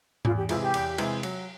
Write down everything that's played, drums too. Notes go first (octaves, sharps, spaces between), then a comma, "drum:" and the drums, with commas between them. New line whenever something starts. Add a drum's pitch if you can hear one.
E2 F4, drum: tom
G4
C3 E3 G#3 F4, drum: cymbal
G4
E2, drum: cymbal
C3 E3 G#3, drum: cymbal
F#3, drum: cymbal